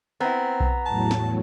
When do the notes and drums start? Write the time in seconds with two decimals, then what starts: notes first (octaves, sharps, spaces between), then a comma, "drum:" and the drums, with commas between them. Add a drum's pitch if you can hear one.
0.20 B3 C4 E4 A#5
0.60 drum: kick B1
0.86 E2 A2 F#3 A5
1.11 drum: snare